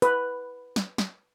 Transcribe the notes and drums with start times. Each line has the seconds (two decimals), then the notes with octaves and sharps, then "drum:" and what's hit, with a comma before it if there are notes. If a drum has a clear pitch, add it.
0.02 B4, drum: hi-hat
0.76 drum: snare
0.98 drum: snare